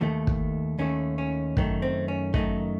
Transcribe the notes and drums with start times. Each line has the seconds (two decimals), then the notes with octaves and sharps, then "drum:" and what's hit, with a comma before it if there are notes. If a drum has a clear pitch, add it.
0.01 D#2 D#3 A3
0.27 drum: kick
0.79 D#2 D#3 A3 C#4
1.18 C#4
1.57 F#2 D#3 A3, drum: kick
1.82 C4
2.08 C#4
2.34 F#2 D#3 A3 D#4, drum: kick